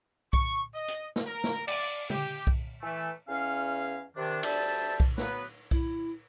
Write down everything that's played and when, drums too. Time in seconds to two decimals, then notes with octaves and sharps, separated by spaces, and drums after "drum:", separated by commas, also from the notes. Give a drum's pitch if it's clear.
0.33 C#6, drum: kick B1
0.74 D#5
0.88 drum: hi-hat
1.16 drum: snare
1.27 A#4
1.44 drum: snare
1.68 D5, drum: cymbal
2.10 G4, drum: tom
2.47 drum: kick B1
2.82 E3 A3
3.28 E2 C#4 F5
4.16 C3 D#3 D4
4.43 D2 G3 C5 D5 E5 A5, drum: cymbal
5.00 drum: kick B1
5.18 F#3 B3 B4, drum: snare
5.71 E4, drum: kick B1